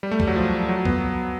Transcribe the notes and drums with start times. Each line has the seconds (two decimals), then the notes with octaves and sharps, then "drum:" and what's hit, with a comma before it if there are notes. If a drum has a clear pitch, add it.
0.03 G3
0.11 A3
0.20 G3, drum: kick
0.27 F#3
0.36 F3
0.69 F#3
0.85 B3, drum: kick